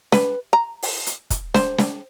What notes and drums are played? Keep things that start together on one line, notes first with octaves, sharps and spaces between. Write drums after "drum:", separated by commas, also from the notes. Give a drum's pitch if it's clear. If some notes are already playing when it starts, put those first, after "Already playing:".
B4, drum: snare
A#5
drum: open hi-hat
drum: hi-hat
drum: kick, hi-hat
C5, drum: snare
drum: snare